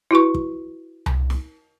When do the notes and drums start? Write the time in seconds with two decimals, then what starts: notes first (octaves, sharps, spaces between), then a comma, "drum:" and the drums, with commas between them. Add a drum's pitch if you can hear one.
0.11 E4 F#4 B4 C#6
0.34 drum: kick
1.06 drum: tom C2
1.30 drum: snare